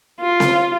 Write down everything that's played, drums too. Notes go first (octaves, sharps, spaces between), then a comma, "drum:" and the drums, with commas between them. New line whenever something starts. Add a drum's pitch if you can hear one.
F4
drum: snare C4